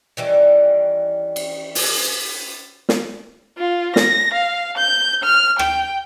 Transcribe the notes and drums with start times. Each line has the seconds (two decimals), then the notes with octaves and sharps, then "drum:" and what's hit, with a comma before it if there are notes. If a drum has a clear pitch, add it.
0.17 D#3 E3 G3 C#4
1.36 drum: cymbal
1.75 drum: open hi-hat
2.89 drum: snare
3.58 F4
3.96 A#6, drum: snare
4.34 F5
4.78 G6
5.24 F6
5.59 G5, drum: rim click